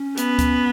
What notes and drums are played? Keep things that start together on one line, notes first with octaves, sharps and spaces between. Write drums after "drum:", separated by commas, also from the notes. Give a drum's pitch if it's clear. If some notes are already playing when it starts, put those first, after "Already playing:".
Already playing: C#4
B3, drum: hi-hat
drum: kick C#2, hi-hat